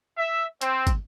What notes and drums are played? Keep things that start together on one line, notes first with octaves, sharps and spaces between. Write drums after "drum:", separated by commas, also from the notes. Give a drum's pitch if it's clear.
E5
C4, drum: hi-hat
drum: kick, hi-hat